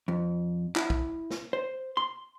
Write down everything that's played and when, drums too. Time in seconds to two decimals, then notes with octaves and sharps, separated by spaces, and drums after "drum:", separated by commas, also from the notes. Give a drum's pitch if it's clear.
0.08 F2
0.76 E4, drum: clap
0.90 drum: kick
1.30 drum: snare
1.53 C5
1.97 C6